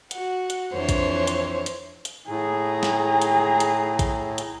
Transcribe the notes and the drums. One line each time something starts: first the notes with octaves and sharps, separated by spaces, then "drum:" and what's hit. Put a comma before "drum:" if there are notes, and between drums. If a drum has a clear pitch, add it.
F#4 F#5, drum: hi-hat
drum: hi-hat
F2 E3 D4 C5 C#5
drum: kick A#1, hi-hat
drum: hi-hat
drum: hi-hat
drum: hi-hat
A2 G#4 A#5
drum: snare
drum: hi-hat
drum: hi-hat
drum: kick A#1, hi-hat
drum: hi-hat